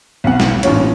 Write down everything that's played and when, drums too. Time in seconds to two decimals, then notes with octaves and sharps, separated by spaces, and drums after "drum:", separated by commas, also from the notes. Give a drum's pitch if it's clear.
0.24 B1 B3 C4 F#5
0.40 drum: snare
0.63 A1 G2 A#2 C#5, drum: hi-hat